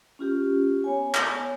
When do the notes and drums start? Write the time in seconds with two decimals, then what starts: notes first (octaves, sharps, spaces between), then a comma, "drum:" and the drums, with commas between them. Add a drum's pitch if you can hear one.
0.19 C#4 F4 G4
0.84 B3 C#5 G#5
1.15 drum: clap